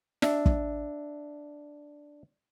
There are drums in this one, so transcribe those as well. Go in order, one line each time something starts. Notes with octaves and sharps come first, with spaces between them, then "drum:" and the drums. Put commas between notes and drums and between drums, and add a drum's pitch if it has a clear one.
D4 E5, drum: snare
drum: kick